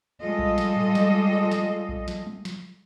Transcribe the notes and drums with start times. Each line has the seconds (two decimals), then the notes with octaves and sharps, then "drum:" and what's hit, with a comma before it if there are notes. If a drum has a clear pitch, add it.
0.20 G3 G#3 F4 A4 D#5
0.39 drum: kick A#1
0.58 drum: snare
0.77 drum: tom G#2
0.95 drum: snare
1.51 drum: snare
1.89 drum: kick A#1
2.08 drum: snare
2.26 drum: tom G3
2.45 drum: snare